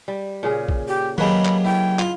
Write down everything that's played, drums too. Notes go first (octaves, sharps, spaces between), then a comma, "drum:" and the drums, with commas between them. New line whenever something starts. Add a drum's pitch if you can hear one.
G3
A#2 C#3 G#4
drum: kick
G4
F#3 G#3 A#3 G4 B4 B5, drum: tom D#3
drum: clap
E4 G5
F4, drum: clap